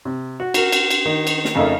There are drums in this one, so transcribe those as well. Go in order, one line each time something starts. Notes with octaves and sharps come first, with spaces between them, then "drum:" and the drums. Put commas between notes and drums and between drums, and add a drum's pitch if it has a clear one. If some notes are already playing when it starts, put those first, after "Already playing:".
C3
F#4
F#4 A#4, drum: cymbal
drum: cymbal
drum: cymbal
D#3
drum: cymbal
drum: snare
F2 C#3 A3 D#4 A#4 E5